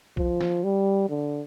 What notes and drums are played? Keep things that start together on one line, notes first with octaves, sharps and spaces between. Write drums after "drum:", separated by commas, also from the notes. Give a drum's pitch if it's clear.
F3, drum: kick
drum: snare
G3
D3